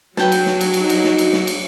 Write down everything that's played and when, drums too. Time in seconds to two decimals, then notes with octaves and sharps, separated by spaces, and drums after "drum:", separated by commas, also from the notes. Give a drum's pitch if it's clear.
0.17 F#3 F#4 B4 C#5 G5 A5, drum: snare
0.32 drum: cymbal
0.46 drum: snare
0.61 drum: cymbal
0.74 D#4, drum: cymbal
0.90 drum: cymbal
1.04 drum: snare
1.18 drum: cymbal
1.33 drum: snare
1.47 drum: cymbal